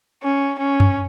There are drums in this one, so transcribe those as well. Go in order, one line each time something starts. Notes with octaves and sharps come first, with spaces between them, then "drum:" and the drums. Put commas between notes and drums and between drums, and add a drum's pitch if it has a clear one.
C#4
C#4
drum: tom F#2